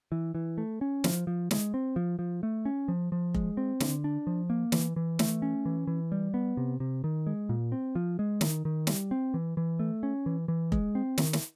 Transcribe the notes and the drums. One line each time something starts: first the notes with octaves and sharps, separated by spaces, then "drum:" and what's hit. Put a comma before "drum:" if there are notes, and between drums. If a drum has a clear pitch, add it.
E3
E3
A3
C#4
F3, drum: snare
F3
G#3, drum: snare
C4
F3
F3
A3
C#4
F3
F3
G#3, drum: kick F1
C4
D3, drum: snare
D4
F3
A#3
E3, drum: snare
E3
A3, drum: snare
C#4
E3
E3
G3
B3
C3
C3
D#3
G#3
A#2
C4
F3
G#3
D#3, drum: snare
D#3
G3, drum: snare
C4
E3
E3
A3
C#4
E3
E3
G#3, drum: kick F1
C4
D#3, drum: snare
drum: snare